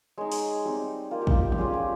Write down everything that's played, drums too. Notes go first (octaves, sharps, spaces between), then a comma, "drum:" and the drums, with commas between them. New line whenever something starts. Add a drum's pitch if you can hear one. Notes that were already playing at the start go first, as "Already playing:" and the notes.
G#3 D#4 C#5
drum: open hi-hat
G3 C4 D#4
A#3 D#4 F4
G4
F4, drum: kick
G4
G4, drum: tom
G3 C#4 F4 G#4
G4